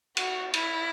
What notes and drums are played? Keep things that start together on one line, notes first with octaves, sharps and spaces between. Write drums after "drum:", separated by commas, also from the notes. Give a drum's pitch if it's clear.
F#4, drum: cymbal
E4, drum: cymbal